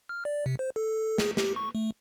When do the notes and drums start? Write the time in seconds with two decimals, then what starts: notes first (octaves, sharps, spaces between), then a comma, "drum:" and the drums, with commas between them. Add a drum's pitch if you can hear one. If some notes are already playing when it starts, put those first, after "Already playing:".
0.09 F6
0.25 D5
0.46 C3
0.59 C5
0.76 A4
1.18 G#4, drum: snare
1.37 G4, drum: snare
1.56 C#6
1.75 A3